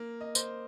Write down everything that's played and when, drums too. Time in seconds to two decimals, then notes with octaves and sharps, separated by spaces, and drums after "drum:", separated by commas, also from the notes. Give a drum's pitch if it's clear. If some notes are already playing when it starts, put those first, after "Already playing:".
Already playing: A#3
0.21 D#5
0.35 C5, drum: tambourine